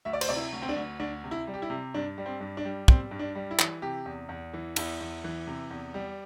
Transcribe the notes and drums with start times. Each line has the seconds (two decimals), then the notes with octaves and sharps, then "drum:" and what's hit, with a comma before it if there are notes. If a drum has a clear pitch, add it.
0.05 D2 E5
0.13 D5
0.21 C5, drum: cymbal
0.29 C3 D5
0.36 E4
0.52 D2
0.62 C4
0.69 D4
0.76 D2
0.99 D2 D4
1.24 C3
1.31 E4
1.47 G3
1.54 G4
1.62 E4
1.70 C3
1.94 G2 D4
2.18 G3
2.26 C4
2.40 G2
2.57 D4
2.65 G3
2.88 G3 C4, drum: kick
3.11 G2
3.19 D4
3.35 G3
3.51 E4
3.59 E3, drum: clap
3.82 C3 G4
4.06 E2
4.29 E2
4.53 E3
4.76 E2 E4, drum: cymbal
5.00 E2
5.24 E3
5.47 C3
5.70 E2
5.94 G3